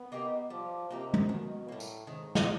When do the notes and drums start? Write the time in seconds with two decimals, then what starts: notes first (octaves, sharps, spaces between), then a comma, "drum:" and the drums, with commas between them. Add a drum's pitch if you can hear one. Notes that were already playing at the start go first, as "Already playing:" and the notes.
Already playing: B3
0.12 A#3 D#4 G4
0.50 F3 G3
0.90 C3 A#3 D#4 G4
1.14 drum: tom
1.29 B2 D#3
1.68 A2 G3 A#3
1.80 drum: tambourine
2.06 G#2 D#3
2.35 drum: snare